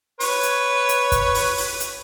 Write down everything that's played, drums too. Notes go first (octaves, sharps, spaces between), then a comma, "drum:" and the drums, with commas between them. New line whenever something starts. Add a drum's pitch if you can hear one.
B4 C#5, drum: open hi-hat
drum: hi-hat
drum: hi-hat
drum: kick, hi-hat
drum: open hi-hat
drum: open hi-hat
drum: hi-hat